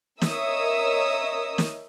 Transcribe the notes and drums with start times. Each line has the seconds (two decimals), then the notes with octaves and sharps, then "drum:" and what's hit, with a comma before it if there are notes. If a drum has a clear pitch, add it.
0.22 A#4 C#5 D#5 E5 D#6 E6, drum: snare
1.58 drum: snare